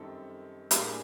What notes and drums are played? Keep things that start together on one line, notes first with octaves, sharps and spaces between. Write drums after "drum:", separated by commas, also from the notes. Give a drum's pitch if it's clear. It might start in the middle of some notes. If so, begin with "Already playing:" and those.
Already playing: F#2 D#3 G3 C4 A4
A2 E3 G3 A#3 D4 G#4, drum: hi-hat